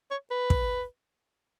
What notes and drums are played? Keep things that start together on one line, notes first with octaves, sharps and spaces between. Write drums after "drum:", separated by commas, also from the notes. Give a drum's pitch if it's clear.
C#5
B4
drum: kick